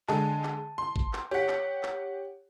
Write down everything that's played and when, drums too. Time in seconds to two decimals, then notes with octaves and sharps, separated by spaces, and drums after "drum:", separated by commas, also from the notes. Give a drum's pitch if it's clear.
0.08 D3 G#3 A5, drum: clap
0.43 drum: clap
0.78 C6
0.96 drum: kick G#1
1.13 drum: clap
1.31 G4 C#5 F#5 B6
1.48 drum: clap
1.83 drum: clap